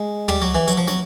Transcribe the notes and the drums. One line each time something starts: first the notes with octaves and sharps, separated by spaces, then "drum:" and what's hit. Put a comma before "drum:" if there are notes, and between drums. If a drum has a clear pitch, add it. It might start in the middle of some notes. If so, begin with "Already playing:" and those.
Already playing: G#3
G3, drum: tom
F#3
E3
F#3, drum: hi-hat
F3
F#3, drum: snare